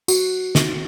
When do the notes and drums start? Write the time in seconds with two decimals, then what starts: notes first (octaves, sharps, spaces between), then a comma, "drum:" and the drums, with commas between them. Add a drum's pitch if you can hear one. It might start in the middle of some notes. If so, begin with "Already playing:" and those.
0.08 F#4, drum: tambourine
0.55 drum: snare